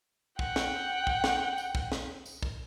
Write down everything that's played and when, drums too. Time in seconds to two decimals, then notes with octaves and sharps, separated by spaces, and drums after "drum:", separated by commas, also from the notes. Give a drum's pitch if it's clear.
0.39 F#5 G5, drum: kick
0.56 drum: snare
1.07 drum: kick
1.24 drum: snare
1.58 drum: tambourine
1.75 drum: kick
1.92 drum: snare
2.26 drum: tambourine
2.43 drum: kick